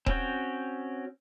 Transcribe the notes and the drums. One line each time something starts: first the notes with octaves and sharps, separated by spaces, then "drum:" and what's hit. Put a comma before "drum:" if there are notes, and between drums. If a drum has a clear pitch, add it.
C4 C#4 F#4 G5, drum: kick D#1